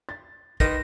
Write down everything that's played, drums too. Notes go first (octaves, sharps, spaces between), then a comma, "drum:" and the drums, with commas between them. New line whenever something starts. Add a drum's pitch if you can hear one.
A6
D#3 B4 C6 A#6, drum: kick, hi-hat